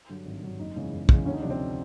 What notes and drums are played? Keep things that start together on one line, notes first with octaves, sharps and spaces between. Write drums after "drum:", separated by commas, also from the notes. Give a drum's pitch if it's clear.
G2 D3 F#3
G#1
G2 D3 F#3
F#1 D#4
E2 C#3 E3 G#3
F#1
E2 C#3 E3 G#3, drum: kick
D2 C#4
D#4
C3 F3 D4
C4